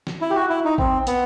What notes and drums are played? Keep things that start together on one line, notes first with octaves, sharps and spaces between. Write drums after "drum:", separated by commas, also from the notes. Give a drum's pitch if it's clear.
drum: snare
E4
G4
F#4
E4
D#4
C4, drum: kick
B3, drum: hi-hat